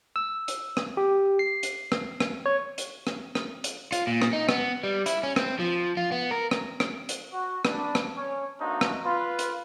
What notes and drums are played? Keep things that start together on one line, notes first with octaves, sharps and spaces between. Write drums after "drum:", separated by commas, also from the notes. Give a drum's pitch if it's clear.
E6
drum: hi-hat
drum: rim click
G4
C7
drum: hi-hat
drum: rim click
drum: rim click
C#5
drum: hi-hat
drum: rim click
drum: rim click
drum: hi-hat
F4, drum: hi-hat
A#2
drum: rim click
D#4
B3, drum: rim click
G3
E4, drum: hi-hat
C#4
C4, drum: rim click
F3
F4
B3
A#4
drum: rim click
drum: rim click
drum: hi-hat
F#4
D4 B5, drum: rim click
drum: rim click
C#4 C#5
A3 A#3 C4 D4 D#4 F#4
drum: rim click
F4 B4
drum: hi-hat